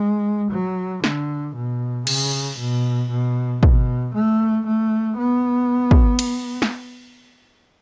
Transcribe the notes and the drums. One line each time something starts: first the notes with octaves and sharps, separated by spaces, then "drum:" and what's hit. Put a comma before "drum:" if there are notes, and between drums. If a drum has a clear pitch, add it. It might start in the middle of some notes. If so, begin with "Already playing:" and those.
Already playing: G#3
F#3
D3, drum: snare
B2
C#3, drum: cymbal
B2
B2
B2, drum: kick
A3
A3
B3
drum: kick
drum: cymbal
drum: snare